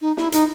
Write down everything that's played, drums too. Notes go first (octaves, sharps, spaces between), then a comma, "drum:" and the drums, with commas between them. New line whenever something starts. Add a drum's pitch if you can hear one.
D#4
E4, drum: snare
D#4, drum: hi-hat